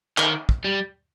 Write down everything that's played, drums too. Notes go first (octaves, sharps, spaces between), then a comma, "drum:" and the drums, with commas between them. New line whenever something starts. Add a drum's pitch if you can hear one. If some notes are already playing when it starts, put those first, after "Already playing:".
D#3, drum: clap
drum: kick
G3